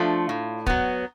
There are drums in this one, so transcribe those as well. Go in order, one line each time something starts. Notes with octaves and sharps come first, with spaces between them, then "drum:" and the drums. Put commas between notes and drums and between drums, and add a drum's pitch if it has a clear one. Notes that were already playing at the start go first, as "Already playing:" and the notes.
Already playing: F3 A3 D4 F4
A2
F#3 B3, drum: kick